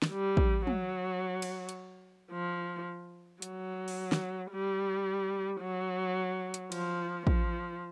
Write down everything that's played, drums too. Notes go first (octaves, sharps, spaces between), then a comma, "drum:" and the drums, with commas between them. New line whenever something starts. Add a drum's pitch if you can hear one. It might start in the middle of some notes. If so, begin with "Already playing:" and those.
drum: snare
G3
drum: kick
F#3, drum: tom
drum: cymbal
drum: hi-hat
F3
F#3, drum: hi-hat
drum: open hi-hat
drum: snare
G3
F#3
drum: hi-hat
F3, drum: cymbal
F3, drum: kick